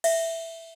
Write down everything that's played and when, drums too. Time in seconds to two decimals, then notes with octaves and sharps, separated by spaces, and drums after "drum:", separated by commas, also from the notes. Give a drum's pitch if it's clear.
0.04 E5, drum: cymbal